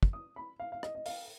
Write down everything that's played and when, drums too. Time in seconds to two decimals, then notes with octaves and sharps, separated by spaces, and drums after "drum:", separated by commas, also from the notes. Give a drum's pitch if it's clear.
0.03 drum: kick
0.13 D#6
0.36 B5
0.60 F5
0.72 F5
0.83 D#5, drum: rim click
0.95 D#5
1.06 F5, drum: open hi-hat